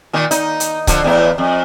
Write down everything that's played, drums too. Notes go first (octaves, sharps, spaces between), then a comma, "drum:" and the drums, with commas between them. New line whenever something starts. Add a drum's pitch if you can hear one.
A#2 D#3
D#4, drum: hi-hat
drum: hi-hat
D3 F3, drum: kick C#1, hi-hat
E2 A2 E4
F2